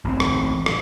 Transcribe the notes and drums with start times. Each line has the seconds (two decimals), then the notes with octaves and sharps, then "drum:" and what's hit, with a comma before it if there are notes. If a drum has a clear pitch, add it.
0.05 A1 C4
0.20 drum: rim click
0.66 drum: rim click